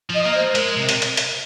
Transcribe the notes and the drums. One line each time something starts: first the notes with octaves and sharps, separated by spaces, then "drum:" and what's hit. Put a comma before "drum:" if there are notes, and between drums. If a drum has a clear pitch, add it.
F3 D#5
A#3 D#5
C5
G#3 A#4, drum: hi-hat
C3
C3, drum: hi-hat
drum: hi-hat
drum: hi-hat